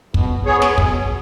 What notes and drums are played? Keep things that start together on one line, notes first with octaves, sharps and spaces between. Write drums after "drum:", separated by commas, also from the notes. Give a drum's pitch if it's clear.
B2, drum: kick
B3 G#4 C#5
drum: snare
B2, drum: kick